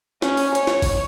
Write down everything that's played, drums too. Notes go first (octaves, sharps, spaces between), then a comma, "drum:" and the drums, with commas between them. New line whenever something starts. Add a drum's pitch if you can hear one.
C#4, drum: snare
drum: open hi-hat
C#5, drum: hi-hat
drum: snare
drum: kick G#1, open hi-hat